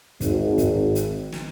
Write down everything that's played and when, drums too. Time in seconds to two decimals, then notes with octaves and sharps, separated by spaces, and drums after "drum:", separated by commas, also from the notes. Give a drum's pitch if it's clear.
0.21 G#1, drum: kick, hi-hat
0.58 drum: kick, hi-hat
0.95 drum: hi-hat
1.32 drum: snare